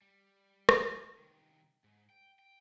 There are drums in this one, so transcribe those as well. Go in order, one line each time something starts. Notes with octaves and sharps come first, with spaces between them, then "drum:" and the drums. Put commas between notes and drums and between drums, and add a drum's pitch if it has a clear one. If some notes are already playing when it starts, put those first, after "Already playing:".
G3
drum: rim click
C2 D#3
G#2
G5
G5